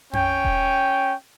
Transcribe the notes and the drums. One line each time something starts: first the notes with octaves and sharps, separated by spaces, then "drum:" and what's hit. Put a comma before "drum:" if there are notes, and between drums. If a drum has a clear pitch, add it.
C#4 G5, drum: tom F2
drum: kick D#1